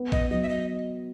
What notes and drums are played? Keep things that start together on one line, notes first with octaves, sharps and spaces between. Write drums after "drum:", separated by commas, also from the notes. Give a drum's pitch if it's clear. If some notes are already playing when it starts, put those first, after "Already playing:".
Already playing: B3
D#5, drum: kick A1
F#3 D#5
E5
D#5